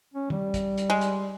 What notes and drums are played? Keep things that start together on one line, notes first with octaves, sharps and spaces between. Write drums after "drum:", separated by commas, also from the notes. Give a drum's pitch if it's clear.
C#4
G3, drum: tom
drum: kick, hi-hat
drum: hi-hat
G#3
drum: hi-hat